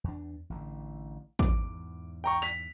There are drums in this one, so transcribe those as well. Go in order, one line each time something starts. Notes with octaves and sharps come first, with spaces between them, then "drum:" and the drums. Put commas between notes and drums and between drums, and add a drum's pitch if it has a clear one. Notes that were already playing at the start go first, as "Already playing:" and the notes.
E2 D4
A1 A2 D3
E2 G#2 D6, drum: kick
G5 A#5 C#6
B6 F7, drum: hi-hat